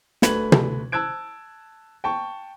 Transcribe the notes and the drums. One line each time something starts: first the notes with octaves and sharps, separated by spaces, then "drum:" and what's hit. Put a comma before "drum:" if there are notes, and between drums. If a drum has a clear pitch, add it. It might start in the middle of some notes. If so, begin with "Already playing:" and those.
D2 A3 B4 G#6 F#7, drum: snare
drum: tom
A5 E6 F#6 G#6 D7
G5 A5 C#6